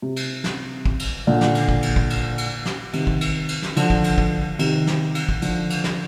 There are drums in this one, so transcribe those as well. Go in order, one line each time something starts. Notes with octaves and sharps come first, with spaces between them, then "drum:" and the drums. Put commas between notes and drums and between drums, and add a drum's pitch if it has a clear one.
C3
drum: cymbal
drum: snare
drum: kick
drum: cymbal
A#2 D3
drum: snare
drum: cymbal
drum: kick
drum: cymbal
drum: kick
drum: cymbal
drum: cymbal
drum: snare
C3 D#3, drum: cymbal
drum: kick
drum: cymbal
drum: cymbal
drum: snare
D3 F3, drum: cymbal
drum: kick
drum: cymbal
drum: kick
C3 D#3, drum: cymbal
drum: snare
drum: cymbal
drum: kick
D3 F3, drum: cymbal
drum: cymbal
drum: snare